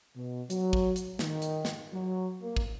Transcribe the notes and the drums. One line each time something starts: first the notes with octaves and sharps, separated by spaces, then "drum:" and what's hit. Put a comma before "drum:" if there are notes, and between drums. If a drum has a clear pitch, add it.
B2
F#3, drum: hi-hat
drum: kick
drum: hi-hat
D#3, drum: snare
drum: hi-hat
drum: snare
F#3
A#3
drum: kick